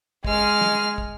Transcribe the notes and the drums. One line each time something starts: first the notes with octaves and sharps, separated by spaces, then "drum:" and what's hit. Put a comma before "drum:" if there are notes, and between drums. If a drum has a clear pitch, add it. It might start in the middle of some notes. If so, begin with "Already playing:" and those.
G#3 F6, drum: kick
drum: snare
drum: kick